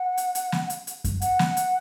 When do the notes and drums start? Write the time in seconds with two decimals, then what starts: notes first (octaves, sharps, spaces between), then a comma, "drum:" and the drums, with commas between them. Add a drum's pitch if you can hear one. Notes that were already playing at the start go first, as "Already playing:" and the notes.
Already playing: F#5
0.17 drum: hi-hat
0.35 drum: hi-hat
0.52 drum: snare
0.70 drum: hi-hat
0.87 drum: hi-hat
1.04 drum: kick F#2, hi-hat
1.22 F#5, drum: hi-hat
1.39 drum: snare
1.57 drum: hi-hat